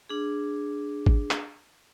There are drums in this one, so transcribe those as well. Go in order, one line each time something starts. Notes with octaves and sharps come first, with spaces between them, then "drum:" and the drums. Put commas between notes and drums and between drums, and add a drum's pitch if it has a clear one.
D4 G#4
drum: kick
drum: clap